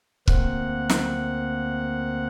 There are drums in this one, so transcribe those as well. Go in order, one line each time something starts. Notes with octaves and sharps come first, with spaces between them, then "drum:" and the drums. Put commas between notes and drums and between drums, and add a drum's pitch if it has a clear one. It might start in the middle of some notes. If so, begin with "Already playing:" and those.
D2 A#3 C4 F#5, drum: kick
drum: snare